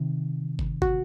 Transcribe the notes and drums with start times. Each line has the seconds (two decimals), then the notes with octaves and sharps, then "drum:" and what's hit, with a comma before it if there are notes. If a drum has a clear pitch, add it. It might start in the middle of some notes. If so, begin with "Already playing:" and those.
Already playing: C3 D#3
0.59 drum: kick
0.82 F#4, drum: kick